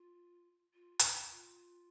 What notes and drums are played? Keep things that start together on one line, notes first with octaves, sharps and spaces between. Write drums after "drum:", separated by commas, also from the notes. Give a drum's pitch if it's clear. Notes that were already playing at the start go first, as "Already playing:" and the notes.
Already playing: F4
F4
drum: hi-hat
F4